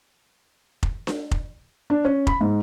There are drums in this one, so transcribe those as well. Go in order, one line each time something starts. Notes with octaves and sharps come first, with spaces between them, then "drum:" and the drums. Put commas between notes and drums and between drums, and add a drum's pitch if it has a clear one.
drum: kick F1
drum: snare D4
drum: kick F1
D4
C#4
B5, drum: kick F1
G#2